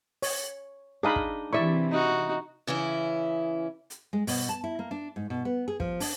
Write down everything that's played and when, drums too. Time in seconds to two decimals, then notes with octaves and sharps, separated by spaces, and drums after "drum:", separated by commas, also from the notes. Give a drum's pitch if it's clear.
0.22 C#5, drum: open hi-hat
1.03 D4 D#4 G#4 D#5 F5 B5
1.16 drum: kick
1.53 C3 E3 E4 D5 E5 C#6
1.91 D#4 F#4
2.67 C#3 E3 C#4 E4
3.90 drum: hi-hat
4.13 G#3
4.27 B2, drum: open hi-hat
4.49 A5
4.64 E4
4.79 A#3
4.91 D4
5.16 G#2
5.30 B2
5.45 B3
5.68 G#4
5.80 F3, drum: kick
6.00 D4, drum: open hi-hat